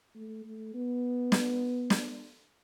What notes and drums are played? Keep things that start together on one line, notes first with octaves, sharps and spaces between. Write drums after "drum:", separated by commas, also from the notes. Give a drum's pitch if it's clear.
A3
A3
B3
drum: snare
drum: snare